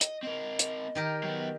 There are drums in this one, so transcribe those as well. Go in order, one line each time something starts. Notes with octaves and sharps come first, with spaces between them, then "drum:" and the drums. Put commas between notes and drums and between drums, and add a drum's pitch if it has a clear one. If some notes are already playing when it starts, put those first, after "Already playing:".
D#5, drum: hi-hat
C4 A#4 D#5
drum: hi-hat
D#3 G4 A#4
F#3 B3